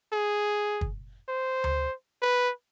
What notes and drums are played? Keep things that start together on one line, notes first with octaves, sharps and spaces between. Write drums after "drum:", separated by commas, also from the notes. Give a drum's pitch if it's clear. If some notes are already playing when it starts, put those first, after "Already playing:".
G#4
drum: kick
C5
drum: tom D2
B4